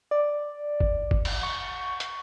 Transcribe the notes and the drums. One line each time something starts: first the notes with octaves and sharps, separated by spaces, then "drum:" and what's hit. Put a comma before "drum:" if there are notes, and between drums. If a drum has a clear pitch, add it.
D5
drum: kick
drum: kick
drum: cymbal
C#6
drum: hi-hat